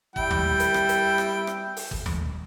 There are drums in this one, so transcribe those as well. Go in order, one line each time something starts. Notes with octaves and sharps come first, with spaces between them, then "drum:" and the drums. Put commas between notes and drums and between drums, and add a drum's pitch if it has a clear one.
G3 E4 G5, drum: kick G1
drum: tom D#2
drum: hi-hat
drum: rim click
drum: hi-hat
drum: rim click
drum: rim click
drum: open hi-hat
drum: kick G1
drum: tom D#2